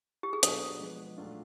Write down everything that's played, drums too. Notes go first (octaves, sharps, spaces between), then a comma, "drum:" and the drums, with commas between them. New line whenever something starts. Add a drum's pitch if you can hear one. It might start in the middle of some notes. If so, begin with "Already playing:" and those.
G4
G#4
B2 F#3 B3 D4 A4, drum: hi-hat
F3 G#3 B3
A#2 F#3 A3 D4 F4